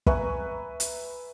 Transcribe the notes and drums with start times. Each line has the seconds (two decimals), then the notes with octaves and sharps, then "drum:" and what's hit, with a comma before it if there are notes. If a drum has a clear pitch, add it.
0.07 B4 E5 G#5 A#5 C#6 F#6, drum: kick
0.80 drum: hi-hat